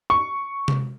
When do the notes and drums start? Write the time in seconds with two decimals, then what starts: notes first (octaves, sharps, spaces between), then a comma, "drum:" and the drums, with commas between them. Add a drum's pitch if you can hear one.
0.10 C#6
0.68 drum: tom C3